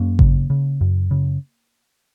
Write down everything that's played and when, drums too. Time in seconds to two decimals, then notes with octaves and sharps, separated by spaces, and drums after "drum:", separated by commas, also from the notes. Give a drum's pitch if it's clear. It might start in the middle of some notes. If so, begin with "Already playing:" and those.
Already playing: F#2 A#3 C#4
0.19 C#3, drum: kick G#1
0.50 C#3
0.81 F#2
1.11 C#3